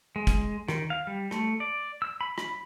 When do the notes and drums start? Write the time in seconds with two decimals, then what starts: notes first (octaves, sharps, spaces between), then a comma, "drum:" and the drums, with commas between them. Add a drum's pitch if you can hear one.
0.16 G#3
0.27 drum: kick, hi-hat
0.68 D#3, drum: rim click
0.90 F5
1.07 G3
1.31 A3, drum: rim click
1.60 D5
2.02 E6
2.21 B5
2.38 B5, drum: rim click